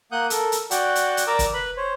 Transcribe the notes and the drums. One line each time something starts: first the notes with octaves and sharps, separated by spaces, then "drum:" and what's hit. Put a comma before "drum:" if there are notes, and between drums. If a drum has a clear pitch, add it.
A#3 F#5 D#6 F#6 G6
A4 A#4, drum: hi-hat
drum: hi-hat
F#4 D5 F#5 G5, drum: hi-hat
drum: hi-hat
drum: hi-hat
A#4 D5 A#5 D6 E6
drum: kick, hi-hat
B4 B5
C5 C#5